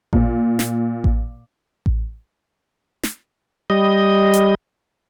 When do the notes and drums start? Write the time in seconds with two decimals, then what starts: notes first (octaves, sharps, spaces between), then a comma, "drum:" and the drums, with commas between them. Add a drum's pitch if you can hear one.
0.13 A#2, drum: kick A1
0.59 drum: snare
1.04 drum: kick A1
1.86 drum: kick A1
3.03 drum: snare
3.70 G3 D#5
4.34 drum: hi-hat